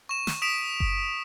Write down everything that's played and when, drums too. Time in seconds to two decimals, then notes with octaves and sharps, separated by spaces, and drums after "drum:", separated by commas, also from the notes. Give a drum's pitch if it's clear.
0.09 C#6 E7
0.27 drum: snare
0.42 D#6 B6 D7 E7
0.80 drum: kick F#1